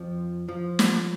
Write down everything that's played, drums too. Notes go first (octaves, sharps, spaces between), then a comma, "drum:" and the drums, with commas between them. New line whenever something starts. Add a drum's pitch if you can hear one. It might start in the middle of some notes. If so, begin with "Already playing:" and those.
Already playing: F2 F3
F3
drum: snare